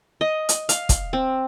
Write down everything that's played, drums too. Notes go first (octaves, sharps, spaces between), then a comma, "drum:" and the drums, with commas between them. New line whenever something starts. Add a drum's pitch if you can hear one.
D#5
drum: hi-hat
F5, drum: hi-hat
drum: kick, hi-hat
C4